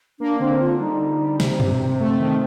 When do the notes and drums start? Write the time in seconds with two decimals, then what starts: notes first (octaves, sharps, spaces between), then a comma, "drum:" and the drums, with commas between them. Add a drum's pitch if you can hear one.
0.20 A#3 D4
0.40 D3 C4
0.60 D3 F4
0.80 G3 D#4
1.00 D3
1.20 G3
1.40 C3 C4, drum: snare
1.60 C3, drum: tom F#2
1.80 C3
2.00 A3
2.20 D#3